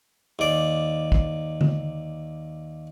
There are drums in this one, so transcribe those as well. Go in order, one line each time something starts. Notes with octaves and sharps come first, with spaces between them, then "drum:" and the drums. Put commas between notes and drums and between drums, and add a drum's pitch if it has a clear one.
D#2 D5
drum: kick
drum: tom D3